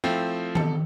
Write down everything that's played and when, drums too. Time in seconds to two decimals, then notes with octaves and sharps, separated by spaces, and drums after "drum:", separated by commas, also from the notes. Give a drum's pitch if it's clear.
0.04 F3 A3 C4 E4
0.55 A4, drum: tom D#3